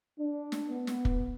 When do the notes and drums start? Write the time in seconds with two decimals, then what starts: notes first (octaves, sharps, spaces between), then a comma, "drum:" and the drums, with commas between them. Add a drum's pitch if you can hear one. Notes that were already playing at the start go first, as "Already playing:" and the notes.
0.20 D4
0.52 drum: snare
0.70 B3
0.87 drum: snare
1.05 drum: kick